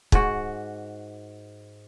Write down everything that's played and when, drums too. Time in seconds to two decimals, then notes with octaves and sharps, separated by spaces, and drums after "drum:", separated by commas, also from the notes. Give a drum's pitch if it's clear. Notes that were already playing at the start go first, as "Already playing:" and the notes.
0.12 G#2 F#4, drum: kick